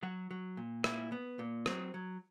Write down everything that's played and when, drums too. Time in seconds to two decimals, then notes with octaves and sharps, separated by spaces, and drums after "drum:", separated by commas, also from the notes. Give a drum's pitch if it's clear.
0.03 F#3 F#4
0.31 F#3
0.57 A#2
0.84 A#2 E4, drum: rim click
1.12 B3
1.39 A#2
1.66 F#3 C4, drum: rim click
1.94 F#3